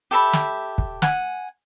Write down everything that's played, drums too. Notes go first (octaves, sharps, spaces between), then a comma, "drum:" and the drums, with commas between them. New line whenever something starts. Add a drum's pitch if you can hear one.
G4 A4 E5 B5
drum: snare
drum: kick
F#5 G#5, drum: snare